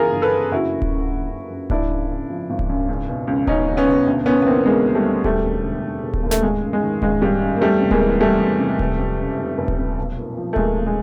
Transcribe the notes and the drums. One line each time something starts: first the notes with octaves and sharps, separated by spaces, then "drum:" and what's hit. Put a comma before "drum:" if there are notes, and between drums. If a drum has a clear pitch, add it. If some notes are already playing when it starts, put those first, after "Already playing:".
Already playing: G1 C#3 E3 F4 G#4 A#4
G1
A4 B4
F#2
F#1 E4 F#4
F#2
drum: kick D1
C#3
F#1
F#1
F#2
G#1 D4 E4, drum: kick D1
F#2
C#3
F3
G#1
drum: kick D1
F#2
C#2
B2
C#2
B2 C#4 D#4, drum: kick D1
C#2
B3 C#4
B2
D2
C#3 B3 C#4
B3
E3 A#3 C4
D2 G#3 A#3
D2
G3 A3
C#3
E1 G3 A3, drum: kick D1
D#2
D3
E1
E1
drum: kick D1
D#2
A3, drum: snare
G#1 G#3
F#2
G#3
D#3
G#1 G#3, drum: kick D1
G#1 G3
F#2
A#3
E2 G3 A3
C3
G#3 A#3, drum: kick D1
E3
E2 G3 A3
E2
C3
F1, drum: kick D1
F2
C#3
F1
F1
drum: kick D1
F2
B1
A#2
F3
A3
B1 G#3 A#3, drum: kick D1
B1
G#3